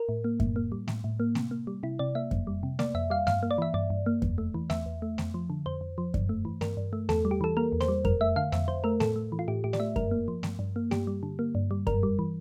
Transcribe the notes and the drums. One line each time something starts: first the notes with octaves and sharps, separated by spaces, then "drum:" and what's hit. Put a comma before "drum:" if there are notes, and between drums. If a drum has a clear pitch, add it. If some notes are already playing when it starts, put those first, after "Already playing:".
Already playing: A#4
A2
A#3
A2, drum: kick F#2
A#3
G3
A2, drum: snare A3
A2
A#3
C3, drum: snare A3
A#3
G3
C3 E4
C3 D5
A#3 E5
F2, drum: kick F#2
G3
C3
A#3 D5, drum: snare A3
F2 E5
G3 F5
G2 F5, drum: snare A3
A#3
D5
E3 E5
G2 D5
G2
A#3
E2, drum: kick F#2
A3
E3
E2 E5, drum: snare A3
E2
A3
F2, drum: snare A3
F3
D3
F2 C5
F2
F3
G2, drum: kick F#2
A3
E3
G2 A#4, drum: snare A3
G2
A3
E2 A4, drum: snare A3
G3
G4
E3 A4
A#3 A#4
E2
C5, drum: snare A3
G3
F2 A#4, drum: kick F#2
A3 E5
D3 F5
F2 E5, drum: snare A3
F2 C5
A3 A#4
A2 A4, drum: snare A3
A3
E3
F4
A2 G4
A2 G4
D5, drum: snare A3
A3 E5
G2 A#4, drum: kick F#2
A#3
F3
G2, drum: snare A3
G2
A#3
G2 G4, drum: snare A3
G3
D3
A#3
G2
G3
G2 A#4, drum: kick F#2
G3
E3